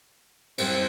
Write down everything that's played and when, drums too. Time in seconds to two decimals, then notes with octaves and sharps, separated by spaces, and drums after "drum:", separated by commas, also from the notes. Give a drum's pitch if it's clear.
0.58 F#2 G3 C4 C5, drum: cymbal